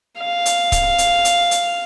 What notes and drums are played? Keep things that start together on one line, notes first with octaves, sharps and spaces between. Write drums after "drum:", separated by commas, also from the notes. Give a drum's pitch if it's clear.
F5
drum: hi-hat
drum: kick C#1, hi-hat
drum: hi-hat
drum: hi-hat
drum: hi-hat